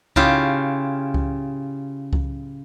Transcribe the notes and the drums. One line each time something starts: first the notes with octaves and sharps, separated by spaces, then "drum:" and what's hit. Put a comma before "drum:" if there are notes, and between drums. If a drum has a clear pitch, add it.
C#3 E4 F4 G4, drum: kick C#2
drum: kick C#2
drum: kick C#2